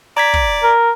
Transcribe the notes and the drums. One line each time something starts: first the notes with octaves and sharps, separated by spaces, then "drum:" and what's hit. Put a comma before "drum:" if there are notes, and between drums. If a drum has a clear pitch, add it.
D5 A#5 G#6 B6
drum: kick
A#4